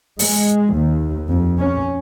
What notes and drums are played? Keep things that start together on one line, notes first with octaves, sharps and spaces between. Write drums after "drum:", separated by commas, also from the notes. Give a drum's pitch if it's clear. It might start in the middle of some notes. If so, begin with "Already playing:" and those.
G#3, drum: open hi-hat
D#2
F2
C#4